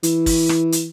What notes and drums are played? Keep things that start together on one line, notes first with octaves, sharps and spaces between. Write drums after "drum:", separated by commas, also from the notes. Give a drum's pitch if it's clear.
E3, drum: hi-hat
drum: kick, open hi-hat
drum: rim click
drum: hi-hat